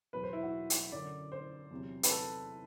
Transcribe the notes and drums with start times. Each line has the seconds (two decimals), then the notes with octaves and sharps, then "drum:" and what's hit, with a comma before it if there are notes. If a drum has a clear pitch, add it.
0.13 E2 B2 F#3 B4
0.23 C5
0.33 E4
0.43 F#4
0.70 drum: hi-hat
0.92 F#2 D3 F#3 D5
1.32 C5
1.71 E2 C3 F#3
2.03 B4, drum: hi-hat
2.10 A4